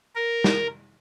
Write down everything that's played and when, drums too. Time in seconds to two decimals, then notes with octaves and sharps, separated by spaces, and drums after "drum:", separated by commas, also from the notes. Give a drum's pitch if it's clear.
0.15 A#4
0.44 drum: snare